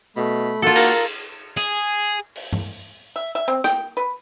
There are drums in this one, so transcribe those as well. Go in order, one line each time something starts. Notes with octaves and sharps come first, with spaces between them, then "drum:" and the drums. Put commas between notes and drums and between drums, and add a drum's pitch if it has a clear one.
B2 A3 B5
A#3 F4 F#4 A4 A5
A#4, drum: cymbal
G#4, drum: hi-hat
drum: open hi-hat
drum: tom G2
E5
E5
C4
G5, drum: rim click
B4